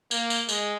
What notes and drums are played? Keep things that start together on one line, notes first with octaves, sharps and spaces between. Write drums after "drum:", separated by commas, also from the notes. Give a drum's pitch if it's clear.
A#3, drum: tambourine
drum: tambourine
G#3, drum: tambourine